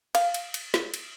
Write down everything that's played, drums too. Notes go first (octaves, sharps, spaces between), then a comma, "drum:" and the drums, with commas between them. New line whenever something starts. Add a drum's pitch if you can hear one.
F5, drum: cymbal
drum: cymbal
drum: cymbal
drum: snare
drum: cymbal